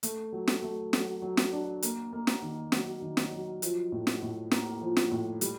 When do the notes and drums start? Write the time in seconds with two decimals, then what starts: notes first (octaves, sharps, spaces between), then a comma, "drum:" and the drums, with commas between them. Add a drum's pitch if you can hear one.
0.03 A3, drum: hi-hat
0.32 F#3
0.47 drum: snare
0.63 A3
0.93 F#3, drum: snare
1.22 F#3
1.37 drum: snare
1.52 D4
1.82 A#3, drum: hi-hat
2.13 A#3
2.27 drum: snare
2.42 D#3
2.72 F#3, drum: snare
3.02 D#3
3.17 drum: snare
3.32 F#3
3.62 F3, drum: hi-hat
3.92 A2
4.07 drum: snare
4.22 A2
4.51 A#3, drum: snare
4.81 F3
4.97 drum: snare
5.11 A2
5.41 G3, drum: hi-hat